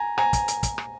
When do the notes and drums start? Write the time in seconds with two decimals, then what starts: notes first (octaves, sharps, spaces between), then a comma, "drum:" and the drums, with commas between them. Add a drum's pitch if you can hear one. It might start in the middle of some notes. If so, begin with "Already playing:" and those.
Already playing: G#5 A#5
0.18 G#5 A#5, drum: rim click
0.33 drum: kick, hi-hat
0.48 drum: hi-hat
0.63 drum: kick, hi-hat
0.78 drum: rim click